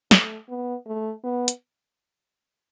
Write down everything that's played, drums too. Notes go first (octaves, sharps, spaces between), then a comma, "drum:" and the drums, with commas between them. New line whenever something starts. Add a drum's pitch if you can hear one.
A3, drum: snare
B3
A3
B3
drum: hi-hat